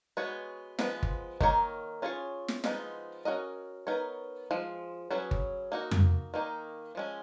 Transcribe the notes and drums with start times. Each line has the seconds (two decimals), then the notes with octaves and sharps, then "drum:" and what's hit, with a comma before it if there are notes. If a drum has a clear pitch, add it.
0.17 G#3 B3 F#4 C#5
0.79 F3 G#3 B3, drum: snare
1.03 drum: kick G1
1.40 D#3 A#3 D#4 A#4 C#5, drum: kick G1
2.02 C#4 F4 G#4 C#5
2.48 drum: snare
2.64 F3 G#3 B3 D#4, drum: snare
3.25 C#4 F#4 A#4 D#5
3.87 B3 D#4 A#4 C#5
4.51 F3 G#3
5.11 F#3 C#4 G#4 B4
5.31 drum: kick G1
5.72 A#3 D#4 F#4
5.91 drum: tom F2
6.34 D#3 A#3 D#4
6.95 F3 G#3 C#4